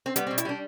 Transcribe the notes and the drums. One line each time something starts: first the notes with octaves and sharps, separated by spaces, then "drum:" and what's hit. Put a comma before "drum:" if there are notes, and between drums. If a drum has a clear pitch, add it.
C4
G3 B3, drum: hi-hat
C4
B2
E4, drum: hi-hat
G3 D4